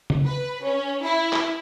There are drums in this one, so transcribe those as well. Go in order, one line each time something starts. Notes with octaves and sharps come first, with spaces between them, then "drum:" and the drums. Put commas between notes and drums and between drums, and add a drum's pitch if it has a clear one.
drum: tom C#3
B4
C#4
E4
drum: clap